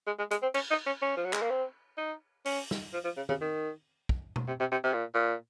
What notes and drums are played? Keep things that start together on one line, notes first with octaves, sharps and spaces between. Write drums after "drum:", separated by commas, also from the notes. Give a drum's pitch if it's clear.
G#3
G#3
G#3, drum: hi-hat
C4
C#4, drum: cymbal
D#4
C#4
C#4
F3
F#3
G#3, drum: clap
A#3
C4
D#4
C#4, drum: open hi-hat
drum: snare
F3
F3
C#3
C#3, drum: tom
D#3
drum: kick
drum: tom
C3
C3
C3
C3
A#2
A#2